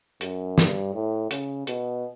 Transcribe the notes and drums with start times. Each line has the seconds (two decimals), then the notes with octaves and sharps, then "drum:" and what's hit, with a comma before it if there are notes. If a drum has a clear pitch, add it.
0.21 F#2, drum: hi-hat
0.58 G2, drum: snare
0.94 A2
1.31 C#3, drum: hi-hat
1.67 B2, drum: hi-hat